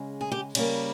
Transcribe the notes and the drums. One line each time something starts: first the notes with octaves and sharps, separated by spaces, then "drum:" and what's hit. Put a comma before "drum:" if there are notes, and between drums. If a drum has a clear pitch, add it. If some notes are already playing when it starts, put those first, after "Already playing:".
Already playing: C#3 G#3
G#4
G4
C#3 G3 A#3, drum: cymbal